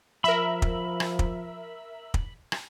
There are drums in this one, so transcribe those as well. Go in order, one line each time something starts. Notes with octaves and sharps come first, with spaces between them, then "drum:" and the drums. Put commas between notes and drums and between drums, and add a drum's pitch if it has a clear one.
F3 A#4 E5 B5
drum: kick
drum: rim click
drum: kick
drum: kick
drum: rim click